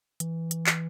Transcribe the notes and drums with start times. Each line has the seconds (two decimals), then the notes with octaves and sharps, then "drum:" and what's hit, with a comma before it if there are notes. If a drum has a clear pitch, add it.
0.20 E3, drum: hi-hat
0.51 drum: hi-hat
0.66 drum: clap